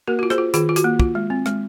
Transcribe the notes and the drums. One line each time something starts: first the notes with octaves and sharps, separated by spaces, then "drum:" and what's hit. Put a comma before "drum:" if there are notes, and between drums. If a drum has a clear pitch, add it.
A#3 F#4 A#4
F4 F#4
G#4 C5, drum: rim click
F4
D#3 F4 G#4, drum: hi-hat
F4
F#4, drum: hi-hat
A#3
F4, drum: kick
G#3
C4
G#3, drum: rim click